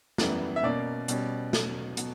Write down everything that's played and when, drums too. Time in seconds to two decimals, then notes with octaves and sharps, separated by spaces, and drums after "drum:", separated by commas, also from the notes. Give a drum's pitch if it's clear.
0.18 F#2 E3 G3 B3, drum: snare
0.56 E5
0.63 B2 A#3 C#4 D5
1.08 B2 G3 C#4, drum: hi-hat
1.53 B2 F#3 C#4, drum: snare
1.97 B2 F#3, drum: hi-hat